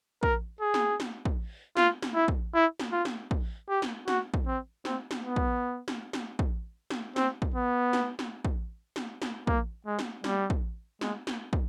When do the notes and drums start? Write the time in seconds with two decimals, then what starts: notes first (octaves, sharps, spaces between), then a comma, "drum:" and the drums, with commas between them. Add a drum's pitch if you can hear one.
0.23 A#4, drum: kick
0.61 G#4
0.74 drum: snare
1.00 drum: snare
1.25 drum: kick
1.77 F4, drum: snare
2.02 drum: snare
2.15 E4
2.28 drum: kick
2.54 E4
2.80 drum: snare
2.92 F4
3.05 drum: snare
3.31 drum: kick
3.69 G4
3.82 drum: snare
4.08 F#4, drum: snare
4.34 drum: kick
4.47 C4
4.85 C4, drum: snare
5.11 drum: snare
5.24 B3
5.36 drum: kick
5.88 drum: snare
6.13 drum: snare
6.39 drum: kick
6.90 drum: snare
7.16 C4, drum: snare
7.42 drum: kick
7.54 B3
7.93 drum: snare
8.19 drum: snare
8.45 drum: kick
8.96 drum: snare
9.22 drum: snare
9.47 A#3, drum: kick
9.86 G#3
9.99 drum: snare
10.24 G3, drum: snare
10.50 drum: kick
11.01 G#3, drum: snare
11.27 drum: snare
11.53 drum: kick